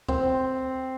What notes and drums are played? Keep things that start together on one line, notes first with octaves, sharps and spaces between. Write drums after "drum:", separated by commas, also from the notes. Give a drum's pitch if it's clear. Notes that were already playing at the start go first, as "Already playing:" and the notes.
C4, drum: kick C2